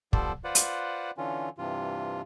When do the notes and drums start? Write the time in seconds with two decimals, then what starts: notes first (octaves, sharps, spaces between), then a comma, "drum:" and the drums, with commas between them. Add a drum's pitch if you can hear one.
0.13 F3 G3 B3 A4 C5 D5, drum: kick
0.44 F4 B4 C5 D5 F#5
0.55 drum: hi-hat
1.18 D3 E3 C#4 F4
1.58 G2 C3 E3 F4